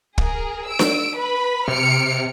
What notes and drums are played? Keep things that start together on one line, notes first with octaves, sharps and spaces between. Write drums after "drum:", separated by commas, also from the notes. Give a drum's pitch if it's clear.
G#4 A#4, drum: kick
E6 D7
drum: snare D4
B4 B5
C3 F6 C#7 D7